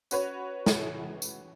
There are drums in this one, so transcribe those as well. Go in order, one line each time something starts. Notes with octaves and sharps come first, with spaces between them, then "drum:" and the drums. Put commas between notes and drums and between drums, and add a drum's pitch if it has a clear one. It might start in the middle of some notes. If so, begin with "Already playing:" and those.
C#4 F#4 B4 C#5, drum: tambourine
drum: snare
drum: tambourine